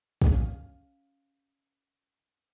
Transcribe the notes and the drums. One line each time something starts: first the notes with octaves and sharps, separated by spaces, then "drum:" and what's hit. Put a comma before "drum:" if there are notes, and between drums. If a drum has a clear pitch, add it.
C#4 F5 D#6, drum: kick